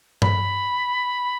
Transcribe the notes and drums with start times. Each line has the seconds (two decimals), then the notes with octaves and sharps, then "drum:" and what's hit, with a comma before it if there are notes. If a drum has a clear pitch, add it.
0.22 B5, drum: tom G2